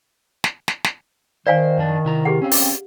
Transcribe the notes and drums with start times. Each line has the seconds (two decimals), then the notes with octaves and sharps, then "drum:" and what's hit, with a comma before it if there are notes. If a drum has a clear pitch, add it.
0.44 drum: snare
0.68 drum: snare
0.84 drum: snare
1.47 D#3 C5 D5 F5 G#5
1.77 F#2 F3 D4
2.05 C3 E4 A#5
2.25 G4 G#4 F#5
2.42 C4 C#4 F5
2.51 drum: open hi-hat